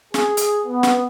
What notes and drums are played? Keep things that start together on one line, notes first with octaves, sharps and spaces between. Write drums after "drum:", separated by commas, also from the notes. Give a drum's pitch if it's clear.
G#4, drum: snare
drum: hi-hat
B3
drum: snare